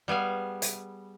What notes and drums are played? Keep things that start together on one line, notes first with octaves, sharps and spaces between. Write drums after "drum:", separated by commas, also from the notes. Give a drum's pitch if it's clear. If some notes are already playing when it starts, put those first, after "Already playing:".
G3 B3 G#4 F5
drum: hi-hat